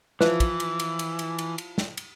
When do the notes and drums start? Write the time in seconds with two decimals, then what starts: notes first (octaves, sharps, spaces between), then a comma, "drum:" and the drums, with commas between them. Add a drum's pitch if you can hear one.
0.21 E3 F3 E4 B4, drum: snare
0.40 drum: kick, cymbal
0.60 drum: cymbal
0.80 drum: cymbal
0.99 drum: cymbal
1.19 drum: cymbal
1.38 drum: cymbal
1.58 drum: cymbal
1.78 drum: snare
1.97 drum: cymbal